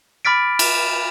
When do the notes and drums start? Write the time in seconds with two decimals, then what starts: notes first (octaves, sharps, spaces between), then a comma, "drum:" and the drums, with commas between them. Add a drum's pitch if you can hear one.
0.25 B5 D6 F6 A6 B6 D7
0.59 drum: cymbal